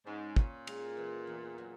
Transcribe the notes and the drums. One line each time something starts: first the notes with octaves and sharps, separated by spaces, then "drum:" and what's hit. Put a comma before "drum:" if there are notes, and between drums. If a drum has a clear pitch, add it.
G#2 C#4
A#2 C#4, drum: kick
G#3, drum: cymbal
E3
E2
F#3